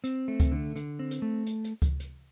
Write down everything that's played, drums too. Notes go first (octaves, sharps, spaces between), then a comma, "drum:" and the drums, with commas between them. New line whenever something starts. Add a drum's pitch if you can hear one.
C4, drum: hi-hat
A3
drum: kick C#2, hi-hat
D3
D3, drum: hi-hat
C4
drum: hi-hat
A3
drum: hi-hat
drum: hi-hat
drum: kick C#2, hi-hat
drum: hi-hat